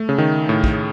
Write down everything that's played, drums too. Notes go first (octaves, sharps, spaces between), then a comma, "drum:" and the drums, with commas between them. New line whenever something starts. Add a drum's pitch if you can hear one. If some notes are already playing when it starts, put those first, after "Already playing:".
Already playing: A3
C#3
D#3
A2
drum: kick